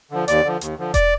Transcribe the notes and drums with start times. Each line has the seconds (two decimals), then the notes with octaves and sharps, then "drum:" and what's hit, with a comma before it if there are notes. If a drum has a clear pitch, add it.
0.11 D3 F3
0.28 D#2 D5, drum: hi-hat
0.44 D3 F3
0.61 D#2, drum: hi-hat
0.78 D3 F3
0.94 D5, drum: kick E1, hi-hat